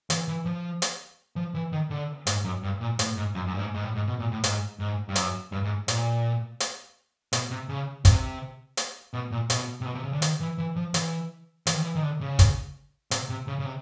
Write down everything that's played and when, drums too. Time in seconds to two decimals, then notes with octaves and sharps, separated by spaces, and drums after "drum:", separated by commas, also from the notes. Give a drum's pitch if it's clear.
0.10 E3, drum: hi-hat
0.28 E3
0.45 F3
0.82 drum: hi-hat
1.36 F3
1.54 E3
1.72 D#3
1.90 D3
2.27 G#2, drum: hi-hat
2.44 F#2
2.63 G2
2.81 A#2
2.99 A2, drum: hi-hat
3.17 G#2
3.35 F#2
3.47 F#2
3.54 G2
3.59 G#2
3.74 G#2
3.84 A2
3.95 G#2
4.07 B2
4.19 A#2
4.32 A2
4.44 G#2, drum: hi-hat
4.79 G#2
5.09 G2
5.15 F#2, drum: hi-hat
5.52 G2
5.64 G#2
5.88 A#2, drum: hi-hat
6.60 drum: hi-hat
7.33 B2, drum: hi-hat
7.51 C3
7.69 C#3
8.05 C3, drum: kick, hi-hat
8.77 drum: hi-hat
9.13 B2
9.31 A#2
9.50 B2, drum: hi-hat
9.81 C3
9.86 B2
9.95 C3
10.04 C#3
10.13 D3
10.22 D#3, drum: hi-hat
10.40 E3
10.58 E3
10.76 F3
10.94 E3, drum: hi-hat
11.67 E3, drum: hi-hat
11.74 D#3
11.82 E3
11.95 D#3
12.03 D3
12.21 C#3
12.39 drum: kick, hi-hat
13.11 C3, drum: hi-hat
13.29 C3
13.47 C#3
13.59 C#3
13.65 C3